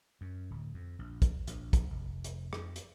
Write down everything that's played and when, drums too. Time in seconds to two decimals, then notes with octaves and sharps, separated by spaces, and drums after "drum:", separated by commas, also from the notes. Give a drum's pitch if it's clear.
0.21 F#2
0.51 D1
0.74 F2
0.99 A#1
1.22 drum: kick, hi-hat
1.47 A#1, drum: hi-hat
1.73 drum: kick, hi-hat
1.90 F1
2.24 drum: hi-hat
2.53 F2, drum: rim click
2.76 drum: hi-hat